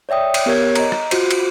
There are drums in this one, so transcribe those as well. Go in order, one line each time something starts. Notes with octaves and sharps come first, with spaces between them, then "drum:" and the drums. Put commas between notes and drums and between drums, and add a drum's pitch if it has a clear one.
C#5 D5 E5 G5 D#6
drum: cymbal
B3 G4 A#4 C#5 G#6
D#5 A#5, drum: cymbal
drum: rim click
F4 F#4 C5, drum: cymbal
drum: cymbal